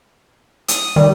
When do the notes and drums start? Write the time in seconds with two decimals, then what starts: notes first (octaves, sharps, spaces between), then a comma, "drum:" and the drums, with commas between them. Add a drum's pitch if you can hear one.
0.68 D#6, drum: hi-hat
0.96 D#3 G3